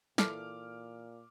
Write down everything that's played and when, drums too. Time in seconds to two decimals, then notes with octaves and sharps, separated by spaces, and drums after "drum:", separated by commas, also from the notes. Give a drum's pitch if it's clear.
0.18 A#2 E3 A4 D6 F6, drum: snare